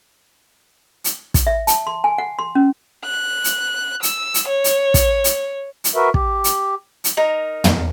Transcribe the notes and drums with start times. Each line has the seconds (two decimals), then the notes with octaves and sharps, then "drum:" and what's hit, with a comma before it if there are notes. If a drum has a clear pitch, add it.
1.04 drum: hi-hat
1.34 drum: kick, hi-hat
1.47 E5
1.67 A5, drum: hi-hat
1.87 C6
2.04 G#5
2.18 F#5
2.39 C6
2.55 C#4
3.05 F#6
3.44 drum: hi-hat
4.03 E6, drum: hi-hat
4.34 drum: hi-hat
4.48 C#5
4.64 drum: hi-hat
4.94 drum: kick, hi-hat
5.24 drum: hi-hat
5.84 drum: hi-hat
5.95 F#4 A#4 B4 E5
6.14 G4, drum: kick
6.44 drum: hi-hat
7.04 drum: hi-hat
7.17 D#4 A#4
7.64 drum: tom